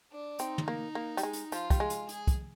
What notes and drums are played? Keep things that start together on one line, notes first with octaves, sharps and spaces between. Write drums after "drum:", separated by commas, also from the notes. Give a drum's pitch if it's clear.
D4
C4 D#4, drum: hi-hat
drum: tom
A#3
A#3
G3, drum: hi-hat
G#3
drum: hi-hat
F3 F4, drum: hi-hat
G3, drum: kick, hi-hat
G#3
drum: hi-hat
G#4, drum: hi-hat
drum: kick, hi-hat